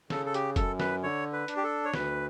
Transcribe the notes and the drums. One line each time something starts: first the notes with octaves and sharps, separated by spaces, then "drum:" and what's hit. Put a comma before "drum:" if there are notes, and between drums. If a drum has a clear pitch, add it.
C#3 A4, drum: snare
A4
G4, drum: hi-hat
F#2 A4, drum: kick, hi-hat
B4, drum: snare
D3 C#5
B4
D4, drum: hi-hat
G4
A4
C#5
D2 B4, drum: snare